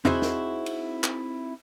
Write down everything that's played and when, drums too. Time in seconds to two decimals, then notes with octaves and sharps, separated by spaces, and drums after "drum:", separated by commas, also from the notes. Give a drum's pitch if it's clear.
0.05 C4 D#4 E4 F#4 G#4 C5, drum: tom E2
0.22 drum: snare
0.66 drum: cymbal
1.04 drum: clap